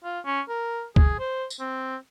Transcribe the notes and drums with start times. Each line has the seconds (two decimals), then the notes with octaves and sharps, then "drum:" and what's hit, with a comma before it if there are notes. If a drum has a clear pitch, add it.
0.04 F4
0.25 C#4
0.49 A#4
0.96 G#4, drum: kick C#2
1.19 C5
1.50 drum: tambourine
1.60 C4